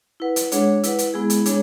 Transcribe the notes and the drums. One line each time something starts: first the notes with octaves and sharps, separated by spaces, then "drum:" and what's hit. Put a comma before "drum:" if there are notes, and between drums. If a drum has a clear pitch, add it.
E4 B4 F#5
drum: hi-hat
G#3 D4 G#4 C#5 F#5, drum: hi-hat
E4 B4 F#5, drum: hi-hat
drum: hi-hat
G#3 B3 E4 G#4
drum: hi-hat
G#3 D4 G#4 C#5, drum: hi-hat